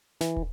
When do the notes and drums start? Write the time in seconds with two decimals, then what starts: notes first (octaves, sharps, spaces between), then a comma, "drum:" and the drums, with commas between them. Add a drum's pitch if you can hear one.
0.21 E3, drum: snare
0.37 drum: kick